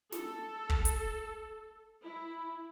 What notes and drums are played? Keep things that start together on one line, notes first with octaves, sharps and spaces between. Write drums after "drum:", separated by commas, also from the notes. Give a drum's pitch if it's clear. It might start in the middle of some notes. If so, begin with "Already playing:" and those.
A4, drum: snare
drum: kick
drum: hi-hat
E4